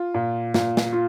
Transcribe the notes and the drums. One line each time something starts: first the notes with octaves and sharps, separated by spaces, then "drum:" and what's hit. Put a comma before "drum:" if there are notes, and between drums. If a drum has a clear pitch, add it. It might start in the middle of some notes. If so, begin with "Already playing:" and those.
Already playing: F4
A#2
A#2, drum: snare
drum: snare
F4